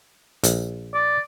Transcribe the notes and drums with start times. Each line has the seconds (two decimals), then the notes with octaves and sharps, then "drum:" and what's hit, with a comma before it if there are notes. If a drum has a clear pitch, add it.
0.44 A#1, drum: hi-hat
0.94 D5